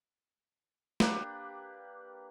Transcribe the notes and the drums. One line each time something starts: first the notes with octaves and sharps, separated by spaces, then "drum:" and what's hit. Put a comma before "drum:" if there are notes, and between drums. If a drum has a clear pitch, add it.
A#3 D4 G4 B4, drum: snare